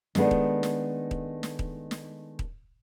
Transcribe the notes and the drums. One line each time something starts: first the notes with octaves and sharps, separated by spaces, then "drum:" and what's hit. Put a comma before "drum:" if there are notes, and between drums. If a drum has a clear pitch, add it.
D#3 G#3 A3 B3 D4, drum: snare
drum: kick D#1
drum: snare
drum: kick D#1
drum: snare
drum: kick D#1
drum: snare
drum: kick D#1